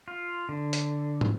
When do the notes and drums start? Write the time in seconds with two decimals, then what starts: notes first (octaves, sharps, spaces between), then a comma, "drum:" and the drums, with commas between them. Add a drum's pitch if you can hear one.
0.08 F4
0.49 D3
0.73 drum: hi-hat
1.21 drum: tom